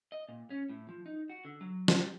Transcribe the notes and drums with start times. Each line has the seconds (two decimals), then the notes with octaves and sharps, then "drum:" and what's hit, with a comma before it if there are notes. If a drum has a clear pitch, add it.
0.12 D#5
0.29 A#2
0.50 C#4
0.69 A2
0.89 F3
1.06 D#4
1.30 F#4
1.45 D3
1.61 F#3
1.88 G3, drum: snare